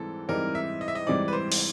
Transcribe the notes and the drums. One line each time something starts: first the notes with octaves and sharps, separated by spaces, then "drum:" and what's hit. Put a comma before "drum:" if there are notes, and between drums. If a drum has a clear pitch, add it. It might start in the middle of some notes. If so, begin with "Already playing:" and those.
Already playing: G#2 E3 G3 C4 A4
G#2 E3 G3 C4 D#4 A#4
E5
D#5
E5
D#5
G#2 E3 G3 C4 D#4 D5
B4
C5
drum: open hi-hat